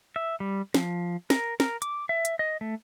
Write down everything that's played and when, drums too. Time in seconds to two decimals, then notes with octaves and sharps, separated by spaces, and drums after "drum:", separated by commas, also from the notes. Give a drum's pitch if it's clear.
0.16 E5
0.40 G3
0.74 F3, drum: snare
1.30 A#4, drum: snare
1.60 A#4, drum: snare
1.82 D6, drum: hi-hat
2.09 E5
2.25 drum: hi-hat
2.39 D#5
2.61 A3